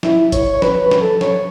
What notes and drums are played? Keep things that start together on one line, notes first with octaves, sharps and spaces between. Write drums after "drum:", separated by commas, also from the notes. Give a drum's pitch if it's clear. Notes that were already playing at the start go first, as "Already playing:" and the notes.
E4, drum: snare
C#5, drum: kick, hi-hat
C#5
B4, drum: snare
B4
drum: snare
A4
C#5, drum: snare